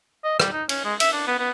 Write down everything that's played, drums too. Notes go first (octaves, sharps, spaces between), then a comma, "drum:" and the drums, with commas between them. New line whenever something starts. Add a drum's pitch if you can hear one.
D#5
G3, drum: rim click
D#4
C#4, drum: cymbal
G#3
E5, drum: cymbal
D4
B3
B3